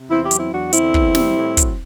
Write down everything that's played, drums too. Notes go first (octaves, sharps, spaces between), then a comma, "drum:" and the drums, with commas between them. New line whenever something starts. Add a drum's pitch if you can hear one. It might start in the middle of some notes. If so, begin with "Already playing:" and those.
Already playing: C3
E2 C4 E4
E4 G4
F#3, drum: hi-hat
C4 E4
E2 D4 F#4
D3 C4 E4, drum: hi-hat
E2, drum: kick
G3, drum: snare
A2
F#3, drum: kick, hi-hat